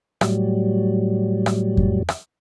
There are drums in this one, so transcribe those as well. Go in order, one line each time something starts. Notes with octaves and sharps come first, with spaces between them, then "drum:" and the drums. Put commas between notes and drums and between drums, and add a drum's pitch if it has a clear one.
A2 F#3 G3, drum: rim click
drum: rim click
drum: kick F2
drum: rim click